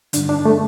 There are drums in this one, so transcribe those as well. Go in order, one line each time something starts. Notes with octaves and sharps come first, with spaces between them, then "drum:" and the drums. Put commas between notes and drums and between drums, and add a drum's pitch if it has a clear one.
G2 D3 D4, drum: hi-hat
D4
A3